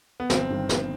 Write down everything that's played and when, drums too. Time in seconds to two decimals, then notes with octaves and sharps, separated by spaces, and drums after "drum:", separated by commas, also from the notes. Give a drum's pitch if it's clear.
0.20 B3
0.30 G1 C4, drum: snare
0.50 G2 D#3
0.69 G1, drum: snare